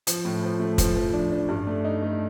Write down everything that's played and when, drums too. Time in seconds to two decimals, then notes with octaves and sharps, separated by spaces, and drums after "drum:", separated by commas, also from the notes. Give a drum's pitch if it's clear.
0.07 F3, drum: hi-hat
0.25 A2
0.43 F3
0.60 A3
0.78 F3, drum: kick, hi-hat
0.96 F3
1.13 D4
1.32 D4
1.49 G2
1.67 A3
1.84 D#4
2.02 A3